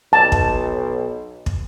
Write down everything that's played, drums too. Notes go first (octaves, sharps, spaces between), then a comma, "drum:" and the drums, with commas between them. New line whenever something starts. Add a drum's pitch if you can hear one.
B1 A5
drum: kick
drum: kick